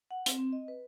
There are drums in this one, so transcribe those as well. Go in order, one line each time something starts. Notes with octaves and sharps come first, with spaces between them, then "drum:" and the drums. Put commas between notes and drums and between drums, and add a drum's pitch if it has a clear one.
F#5
C4, drum: hi-hat
C4
D#5
B4